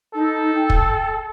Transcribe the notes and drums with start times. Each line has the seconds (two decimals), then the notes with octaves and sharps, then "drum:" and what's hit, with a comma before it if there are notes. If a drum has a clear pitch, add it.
0.15 D#4 A4
0.55 G5
0.70 drum: kick